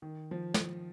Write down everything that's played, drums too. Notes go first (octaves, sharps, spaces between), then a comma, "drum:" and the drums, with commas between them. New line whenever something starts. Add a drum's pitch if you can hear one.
D#3
F3
drum: snare